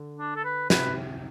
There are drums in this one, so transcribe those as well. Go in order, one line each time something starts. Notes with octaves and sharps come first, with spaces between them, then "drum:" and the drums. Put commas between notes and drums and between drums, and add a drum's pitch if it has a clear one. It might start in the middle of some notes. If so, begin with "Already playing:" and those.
Already playing: D3
D4
A4
B4
C3 B4, drum: snare